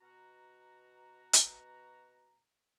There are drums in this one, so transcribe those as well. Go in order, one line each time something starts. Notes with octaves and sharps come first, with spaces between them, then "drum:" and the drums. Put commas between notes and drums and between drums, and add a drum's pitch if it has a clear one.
B2 F#4 A#5
drum: hi-hat